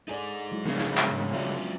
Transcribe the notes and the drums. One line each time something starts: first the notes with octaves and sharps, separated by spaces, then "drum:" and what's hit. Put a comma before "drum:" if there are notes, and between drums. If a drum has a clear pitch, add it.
D#4 G#4 A4 D5
F#3 G#3 E4
C2 C#3 F3 B3 D4
drum: snare
drum: clap
G#2
F#3 C#4 F4 D5 E5